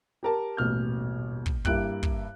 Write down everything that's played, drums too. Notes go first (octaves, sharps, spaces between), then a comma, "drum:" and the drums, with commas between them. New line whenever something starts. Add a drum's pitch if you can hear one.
G4 A#4 A5
D#1 A1 B2 F6 G6
drum: kick
G2 A#3 E4 G4 F#6 D7, drum: kick
drum: kick